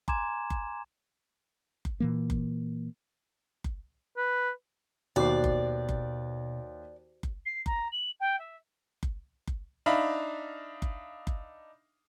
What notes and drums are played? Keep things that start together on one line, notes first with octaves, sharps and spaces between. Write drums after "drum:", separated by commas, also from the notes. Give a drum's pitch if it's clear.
G#5 A#5 C6 D6 G#6 E7, drum: kick F#1
drum: kick F#1
drum: kick F#1
A#2 E3 A#3
drum: kick F#1
drum: kick F#1
B4
D#2 B2 F#4 C5 D5
drum: kick F#1
drum: kick F#1
drum: kick F#1
C7
A#5, drum: kick F#1
F#7
G5
E5
drum: kick F#1
drum: kick F#1
D4 D#4 E5 F5 B5
drum: kick F#1
drum: kick F#1